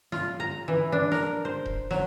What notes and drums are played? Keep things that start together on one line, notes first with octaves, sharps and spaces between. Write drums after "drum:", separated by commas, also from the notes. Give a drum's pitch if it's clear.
F4, drum: snare
A#5
E3
D4
A#4, drum: snare
C5
drum: kick E1
F#3, drum: snare